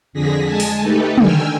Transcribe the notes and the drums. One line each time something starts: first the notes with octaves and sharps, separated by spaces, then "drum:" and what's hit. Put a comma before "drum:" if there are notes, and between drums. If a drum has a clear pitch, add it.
F2 D3 G#4 A#6 B6
G#3 G#5 A5
drum: open hi-hat
A3 D#4 G4 A4 B4
D3 D#3 G5 G#5 E6 F6, drum: tom